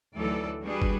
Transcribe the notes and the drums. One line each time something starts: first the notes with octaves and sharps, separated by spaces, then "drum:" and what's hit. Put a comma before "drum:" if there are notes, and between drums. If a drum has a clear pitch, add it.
D2 D#3 E3 F#3 A4 D5
G3 D4 F#4 G#4 B4
drum: kick